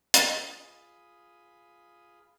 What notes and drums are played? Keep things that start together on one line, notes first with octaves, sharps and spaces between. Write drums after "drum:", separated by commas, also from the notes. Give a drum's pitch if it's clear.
F4 G#4 B5 D#6, drum: hi-hat